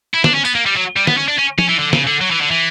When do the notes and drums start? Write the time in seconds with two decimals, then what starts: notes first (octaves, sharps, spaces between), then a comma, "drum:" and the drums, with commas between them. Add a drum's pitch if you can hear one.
0.14 E4
0.24 D4, drum: snare
0.34 C#4
0.45 B3, drum: tambourine
0.55 A#3
0.66 G3
0.76 F#3
0.96 G3
1.07 B3, drum: snare
1.17 C#4
1.28 D4
1.38 C#4
1.59 C#4, drum: tom F3
1.69 E3
1.79 D3
1.93 C#3, drum: snare
2.07 D3
2.21 F#3
2.31 E3
2.41 D3
2.51 E3